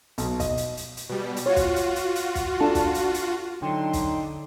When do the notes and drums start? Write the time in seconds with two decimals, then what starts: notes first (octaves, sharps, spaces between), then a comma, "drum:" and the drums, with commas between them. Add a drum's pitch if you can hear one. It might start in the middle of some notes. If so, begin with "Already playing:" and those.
0.18 B1, drum: hi-hat
0.40 D#5, drum: kick, hi-hat
0.57 drum: hi-hat
0.77 drum: hi-hat
0.97 drum: hi-hat
1.09 B2 G3
1.36 drum: hi-hat
1.46 F4 F#4 C#5
1.56 drum: kick, hi-hat
1.76 drum: hi-hat
1.96 drum: hi-hat
2.15 drum: hi-hat
2.35 drum: kick, hi-hat
2.60 D4 A4 A5
2.75 drum: kick, hi-hat
2.94 drum: hi-hat
3.14 drum: hi-hat
3.62 D3 F#3 D#4 G5 C6
3.93 drum: kick, hi-hat